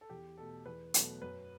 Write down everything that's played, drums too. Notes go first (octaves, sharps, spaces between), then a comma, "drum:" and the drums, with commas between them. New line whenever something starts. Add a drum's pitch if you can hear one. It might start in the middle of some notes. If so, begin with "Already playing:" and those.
A4
E2 G4
B2 A3 A4
E2 B4
B2 F#3 A3, drum: hi-hat
F#2 B4